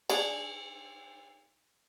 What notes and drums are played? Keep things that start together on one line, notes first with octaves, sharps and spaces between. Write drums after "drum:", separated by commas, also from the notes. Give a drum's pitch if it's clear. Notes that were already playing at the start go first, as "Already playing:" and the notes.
D4 G#4, drum: cymbal